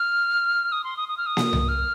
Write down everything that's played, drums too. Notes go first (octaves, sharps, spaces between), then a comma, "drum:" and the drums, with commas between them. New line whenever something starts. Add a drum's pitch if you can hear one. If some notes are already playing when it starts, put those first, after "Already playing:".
Already playing: F6
D#6
C6
D#6
D#6
F6
D#6
drum: snare A#3
drum: tom C2
F6